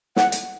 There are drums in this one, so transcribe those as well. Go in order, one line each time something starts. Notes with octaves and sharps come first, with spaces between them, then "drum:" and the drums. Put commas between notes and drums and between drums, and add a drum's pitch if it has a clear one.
F#5, drum: snare
drum: hi-hat